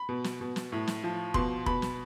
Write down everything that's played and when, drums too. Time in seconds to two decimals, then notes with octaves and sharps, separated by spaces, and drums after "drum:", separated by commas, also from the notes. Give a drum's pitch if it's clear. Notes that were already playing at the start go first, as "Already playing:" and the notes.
Already playing: B5
0.09 B2
0.24 drum: snare
0.41 B2
0.56 drum: snare
0.72 A2
0.87 drum: snare
1.04 F3
1.34 B2 C6, drum: kick F1
1.66 B2 B5, drum: kick F1
1.82 drum: snare